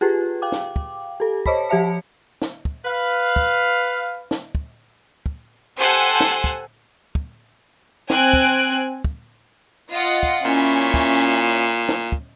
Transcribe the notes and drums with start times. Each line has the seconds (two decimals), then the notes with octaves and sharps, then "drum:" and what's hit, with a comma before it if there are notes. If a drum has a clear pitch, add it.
0.01 F4 G4 G#4 B4
0.42 F5 G5 D6
0.52 drum: snare
0.76 drum: kick
1.20 G4 A4
1.46 C5 C#5 D#5 A5 B5 B6, drum: kick
1.69 F3 G4 C#5 E5 A5 C#7
2.42 drum: snare
2.65 drum: kick
2.85 B4 F5
3.36 drum: kick
4.31 drum: snare
4.55 drum: kick
5.26 drum: kick
5.78 G4 A4 C5 F#5 G#5
6.20 drum: snare
6.44 drum: kick
7.15 drum: kick
8.10 C4 G#5 F#6 D7, drum: snare
8.33 drum: kick
9.05 drum: kick
9.91 F4 D#5 F#5
10.23 drum: kick
10.45 A#2 C#4 E4
10.94 drum: kick
11.89 drum: snare
12.12 drum: kick